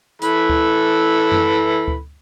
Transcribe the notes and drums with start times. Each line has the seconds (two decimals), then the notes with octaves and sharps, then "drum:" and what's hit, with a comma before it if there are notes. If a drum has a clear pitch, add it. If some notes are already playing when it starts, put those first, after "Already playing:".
0.22 E3 A4 B5, drum: hi-hat
0.50 drum: kick D2
1.32 drum: tom F#2
1.88 drum: kick D2